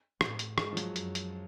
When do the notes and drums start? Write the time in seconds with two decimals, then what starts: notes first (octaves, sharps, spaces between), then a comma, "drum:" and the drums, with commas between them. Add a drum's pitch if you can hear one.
0.21 A2, drum: rim click
0.39 drum: hi-hat
0.58 G#2 G#3, drum: rim click
0.73 F3
0.77 F#3, drum: hi-hat
0.96 F#2, drum: hi-hat
1.15 drum: hi-hat